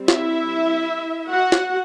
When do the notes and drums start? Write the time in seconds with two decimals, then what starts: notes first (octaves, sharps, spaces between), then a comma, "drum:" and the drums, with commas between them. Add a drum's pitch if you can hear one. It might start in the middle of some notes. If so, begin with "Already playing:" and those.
Already playing: G3 C4
0.08 E4 E5, drum: snare
1.28 F#4 F#5
1.52 drum: snare